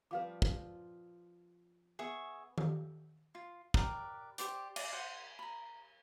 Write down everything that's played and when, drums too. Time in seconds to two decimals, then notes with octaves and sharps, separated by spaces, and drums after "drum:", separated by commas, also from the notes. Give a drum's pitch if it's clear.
0.11 F3 G3 C4 B4 F5 D6
0.42 F4, drum: kick
1.99 B3 G#4 E5 C#6
2.58 drum: tom D#3
3.35 F4
3.74 G4 A#4 B4 D5, drum: kick
4.38 G4 C5 D5, drum: hi-hat
4.76 D5, drum: cymbal
4.93 C5 F#5
5.39 A#5 B5